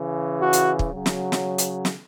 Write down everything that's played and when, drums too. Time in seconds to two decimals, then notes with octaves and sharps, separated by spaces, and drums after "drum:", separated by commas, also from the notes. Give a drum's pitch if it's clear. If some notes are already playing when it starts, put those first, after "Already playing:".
Already playing: C#3 E3
0.40 F#4
0.53 drum: hi-hat
0.79 drum: kick
0.93 C#3 F#3
1.06 drum: snare
1.32 drum: snare
1.58 drum: hi-hat
1.85 drum: snare